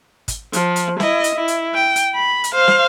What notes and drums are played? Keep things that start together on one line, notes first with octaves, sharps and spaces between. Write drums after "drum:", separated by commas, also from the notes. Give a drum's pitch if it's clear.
drum: kick, hi-hat
F3, drum: hi-hat
drum: hi-hat
E4 D#5, drum: snare
drum: hi-hat
E4
drum: hi-hat
G5
drum: hi-hat
B5
drum: hi-hat
C5 F5
drum: snare